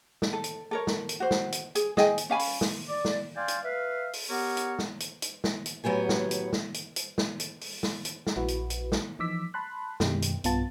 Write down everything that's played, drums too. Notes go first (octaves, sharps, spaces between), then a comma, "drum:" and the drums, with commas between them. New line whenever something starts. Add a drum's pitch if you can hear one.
drum: snare
A4
drum: hi-hat
A4 A#4 C#5
drum: snare
drum: hi-hat
F#4 C5
drum: snare
drum: hi-hat
G#4, drum: hi-hat
G#4 D#5 G5 G#5, drum: snare
drum: hi-hat
C#4 F5 G#5 B5
drum: open hi-hat
drum: snare
D5
drum: snare
D5 F5 G5 G#5 C6
drum: hi-hat
B4 E5 F5
drum: open hi-hat
B3 G4 A#4 C#5 F#5
drum: hi-hat
drum: snare
drum: hi-hat
drum: hi-hat
drum: snare
drum: hi-hat
A2 F#3 B3 G4 G#5
drum: snare
drum: hi-hat
drum: snare
drum: hi-hat
drum: hi-hat
drum: snare
drum: hi-hat
drum: open hi-hat
drum: snare
drum: hi-hat
drum: snare
A#1 E4 F#4 B4
drum: hi-hat
drum: hi-hat
drum: snare
E3 F3 D#4 D6 E6 B6
A5 B5 C6 F#6
F#2 B2 D#3 G#3 G4, drum: snare
drum: hi-hat
B1 G2 B3 F4 A5 A6, drum: hi-hat